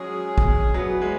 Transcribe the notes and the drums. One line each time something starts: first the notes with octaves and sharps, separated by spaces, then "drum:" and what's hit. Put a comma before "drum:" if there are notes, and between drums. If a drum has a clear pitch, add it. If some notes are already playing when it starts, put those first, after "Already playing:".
Already playing: F#3 G#3 C#4 G#4
drum: kick
C#3 E3 F#3 B3
G#3